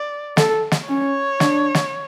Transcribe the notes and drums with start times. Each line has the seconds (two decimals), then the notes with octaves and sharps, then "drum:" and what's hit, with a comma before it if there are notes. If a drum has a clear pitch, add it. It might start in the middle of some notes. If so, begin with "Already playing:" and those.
Already playing: D5
0.37 A4, drum: snare
0.71 drum: snare
0.88 C#4 C#5
1.40 D4, drum: snare
1.75 drum: snare